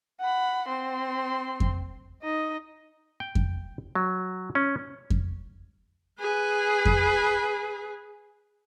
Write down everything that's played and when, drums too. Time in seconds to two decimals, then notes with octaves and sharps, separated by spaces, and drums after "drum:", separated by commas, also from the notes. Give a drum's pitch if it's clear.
0.20 F#5 B5
0.68 C4 C6
1.60 drum: kick F2
2.22 D#4 D#5
3.20 G5
3.35 drum: kick F2
3.95 F#3
4.55 C#4
5.10 drum: kick F2
6.20 G#4 B4
6.85 drum: kick F2